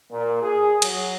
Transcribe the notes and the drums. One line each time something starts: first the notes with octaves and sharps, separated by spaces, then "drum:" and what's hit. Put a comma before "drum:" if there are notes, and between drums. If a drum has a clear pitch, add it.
A#2
G#4
F#3, drum: cymbal